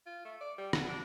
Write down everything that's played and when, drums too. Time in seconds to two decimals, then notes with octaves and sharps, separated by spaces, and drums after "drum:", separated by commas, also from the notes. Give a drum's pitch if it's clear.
0.06 F4
0.25 A3
0.41 D5
0.58 G3
0.73 B3, drum: rim click
0.89 D4